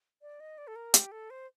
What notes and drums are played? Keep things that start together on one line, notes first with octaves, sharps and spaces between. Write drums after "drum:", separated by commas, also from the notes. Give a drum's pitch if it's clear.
D5
D#5
D5
A4
A#4
G4, drum: hi-hat
A4
C5